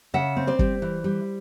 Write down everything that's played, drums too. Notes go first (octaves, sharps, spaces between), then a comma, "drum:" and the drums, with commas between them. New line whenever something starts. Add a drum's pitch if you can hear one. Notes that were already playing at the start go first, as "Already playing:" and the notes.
C#3 E5 F#5
C4
C5 D5
G3, drum: kick
E3
G3